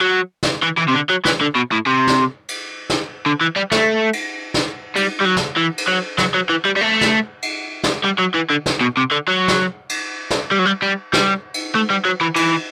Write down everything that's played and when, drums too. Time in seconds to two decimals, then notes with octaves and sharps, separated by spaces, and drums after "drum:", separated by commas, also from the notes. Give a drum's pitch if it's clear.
0.01 F#3
0.43 drum: snare
0.63 E3
0.78 E3
0.89 C3
0.95 D3
1.10 F#3
1.25 E3, drum: snare
1.41 D3
1.55 B2
1.72 A2
1.86 C3
2.07 drum: snare
2.48 drum: cymbal
2.90 drum: snare
3.26 D3
3.41 E3
3.56 G3
3.72 A3, drum: snare
4.13 drum: cymbal
4.54 drum: snare
4.96 G3, drum: cymbal
5.21 G3
5.26 F#3
5.37 drum: snare
5.57 E3
5.78 drum: cymbal
5.88 F#3
6.18 F#3, drum: snare
6.34 F#3
6.49 E3
6.65 G3
6.76 G3
6.81 A3
7.01 drum: snare
7.42 drum: cymbal
7.84 drum: snare
8.05 G3
8.19 F#3
8.35 E3
8.50 D3
8.66 drum: snare
8.81 B2
8.97 C3
9.12 D3
9.28 F#3
9.48 drum: snare
9.89 drum: cymbal
10.30 drum: snare
10.51 G3
10.59 F#3
10.65 G3
10.82 G3
11.13 G3, drum: snare
11.54 drum: cymbal
11.75 A3
11.90 G3
12.05 F#3
12.21 E3
12.36 E3, drum: cymbal